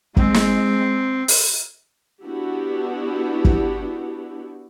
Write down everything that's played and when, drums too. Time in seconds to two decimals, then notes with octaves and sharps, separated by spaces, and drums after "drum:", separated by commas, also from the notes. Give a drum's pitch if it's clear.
0.17 G#3 C4, drum: kick
0.34 drum: snare
1.28 drum: open hi-hat
2.23 B3 D4 E4 F#4 G4
3.45 drum: kick